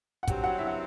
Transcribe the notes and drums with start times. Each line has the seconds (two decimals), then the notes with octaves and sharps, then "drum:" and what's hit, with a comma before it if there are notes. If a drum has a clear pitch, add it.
0.23 F#5
0.28 G2 F#3 C4 G4 G5, drum: kick, hi-hat
0.43 F#4 F#5
0.58 E4 E5
0.67 F#5